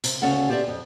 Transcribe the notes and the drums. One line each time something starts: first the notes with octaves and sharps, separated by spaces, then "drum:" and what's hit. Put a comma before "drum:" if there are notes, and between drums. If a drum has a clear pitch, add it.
C3, drum: hi-hat
D2 C#3 C#4 A4 F5 F#5
F4 G4 A4 C5 D5 E5
F2